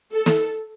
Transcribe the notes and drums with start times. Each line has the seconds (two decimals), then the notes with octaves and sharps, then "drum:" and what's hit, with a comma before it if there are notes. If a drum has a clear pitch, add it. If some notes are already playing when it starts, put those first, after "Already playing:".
0.13 A4
0.26 drum: snare